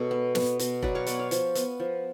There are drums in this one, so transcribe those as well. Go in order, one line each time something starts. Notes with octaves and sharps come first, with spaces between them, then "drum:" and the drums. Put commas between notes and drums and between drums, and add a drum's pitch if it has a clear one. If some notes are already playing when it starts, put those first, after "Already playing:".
Already playing: B2 G#3 A4 B4 C#5
B3
B3, drum: snare
B2, drum: hi-hat
F#3 B4 D5, drum: kick F1
C#5 F5
B3 D5 F#5, drum: hi-hat
C#5 F5
F3, drum: hi-hat
B3, drum: hi-hat
F3